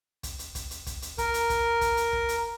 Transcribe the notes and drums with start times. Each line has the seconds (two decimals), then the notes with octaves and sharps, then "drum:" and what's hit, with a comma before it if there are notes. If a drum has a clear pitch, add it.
0.23 drum: kick, hi-hat
0.39 drum: hi-hat
0.55 drum: kick, hi-hat
0.71 drum: hi-hat
0.86 drum: kick, hi-hat
1.02 drum: hi-hat
1.18 A#4, drum: kick, hi-hat
1.34 drum: hi-hat
1.50 drum: kick, hi-hat
1.81 drum: kick, hi-hat
1.97 drum: hi-hat
2.13 drum: kick
2.29 drum: hi-hat